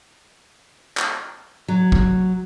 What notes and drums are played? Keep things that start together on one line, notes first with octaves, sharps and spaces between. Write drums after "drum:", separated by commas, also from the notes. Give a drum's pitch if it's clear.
drum: clap
F#3
drum: kick